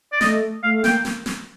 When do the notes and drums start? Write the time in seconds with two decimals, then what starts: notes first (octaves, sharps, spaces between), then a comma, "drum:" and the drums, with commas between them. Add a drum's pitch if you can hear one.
0.12 D5
0.21 A3 D#5, drum: snare
0.63 A3 F5
0.84 A#3 G5, drum: snare
1.05 drum: snare
1.26 drum: snare